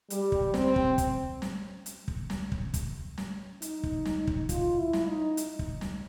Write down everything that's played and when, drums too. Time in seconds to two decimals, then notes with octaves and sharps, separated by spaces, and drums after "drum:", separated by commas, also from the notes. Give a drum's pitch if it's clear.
0.10 G3, drum: hi-hat
0.32 drum: kick
0.54 C4, drum: snare
0.76 drum: kick
0.98 drum: kick, hi-hat
1.42 drum: snare
1.86 drum: hi-hat
2.08 drum: kick
2.30 drum: snare
2.52 drum: kick
2.74 drum: kick, hi-hat
3.18 drum: snare
3.62 D#4, drum: hi-hat
3.83 drum: kick
4.05 drum: snare
4.27 drum: kick
4.49 F4, drum: kick, hi-hat
4.78 E4
4.93 drum: snare
5.08 D#4
5.37 drum: hi-hat
5.59 drum: kick
5.81 drum: snare